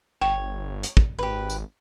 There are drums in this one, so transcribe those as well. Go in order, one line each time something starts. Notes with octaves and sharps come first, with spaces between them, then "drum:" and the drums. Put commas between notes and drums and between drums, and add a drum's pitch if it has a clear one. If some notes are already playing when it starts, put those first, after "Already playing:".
G1 C#5 G5
drum: hi-hat
drum: kick
G#1 G4 B4
drum: tambourine